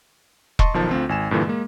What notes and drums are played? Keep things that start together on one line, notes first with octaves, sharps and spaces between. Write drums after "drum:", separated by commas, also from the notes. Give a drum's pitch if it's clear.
D#5 A5 C6 C#6, drum: kick E1
B1 D#3 F3 A5
D2 C4 F4
G#1 G#5 E7
G2 A#2 D3 E3
G#3 A#3